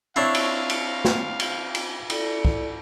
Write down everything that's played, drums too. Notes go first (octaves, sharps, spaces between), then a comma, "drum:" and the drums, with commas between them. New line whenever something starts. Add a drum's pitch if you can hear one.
C4 D4 E4 C#5 F5
drum: cymbal
drum: cymbal
drum: snare
drum: cymbal
drum: cymbal
E4 A4 D5, drum: cymbal
drum: kick